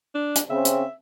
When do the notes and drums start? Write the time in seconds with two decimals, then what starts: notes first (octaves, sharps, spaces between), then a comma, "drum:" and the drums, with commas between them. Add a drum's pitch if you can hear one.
0.15 D4
0.35 drum: hi-hat
0.50 C#3 C4 E5
0.65 drum: hi-hat